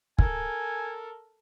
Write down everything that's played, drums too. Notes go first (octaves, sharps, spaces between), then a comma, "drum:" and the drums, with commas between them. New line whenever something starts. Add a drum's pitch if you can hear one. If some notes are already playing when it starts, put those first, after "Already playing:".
A4 A#4 G#5, drum: kick